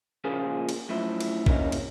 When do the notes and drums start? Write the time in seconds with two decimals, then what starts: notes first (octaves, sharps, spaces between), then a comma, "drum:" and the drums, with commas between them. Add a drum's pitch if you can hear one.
0.24 A#2 C#3 F3 A#3 F4 G#4
0.69 drum: cymbal
0.89 F#2 A2 F3 E4
1.20 drum: cymbal
1.46 C3 E3 F#3 A#3 C#4 D#4, drum: kick
1.72 drum: cymbal